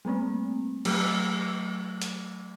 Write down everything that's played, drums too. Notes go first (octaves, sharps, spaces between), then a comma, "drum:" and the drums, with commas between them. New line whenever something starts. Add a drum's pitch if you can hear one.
G3 A3 A#3 C4
F#3 A3, drum: cymbal
drum: hi-hat